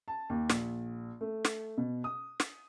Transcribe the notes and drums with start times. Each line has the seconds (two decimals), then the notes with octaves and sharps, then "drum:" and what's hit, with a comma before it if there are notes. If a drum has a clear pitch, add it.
0.08 A5
0.30 D#2
0.50 A#1, drum: snare
1.21 A3
1.45 drum: snare
1.77 B2
2.04 D#6
2.40 drum: snare